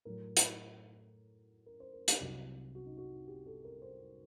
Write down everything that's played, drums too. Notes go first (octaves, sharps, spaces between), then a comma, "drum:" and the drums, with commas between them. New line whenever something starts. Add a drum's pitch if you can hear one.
A2 F#3 A#4
drum: hi-hat
A#4
C5
A#4
G4, drum: hi-hat
C2 C3 F#3 F#4
F#4
D#4
F#4
G4
A4
A#4
C5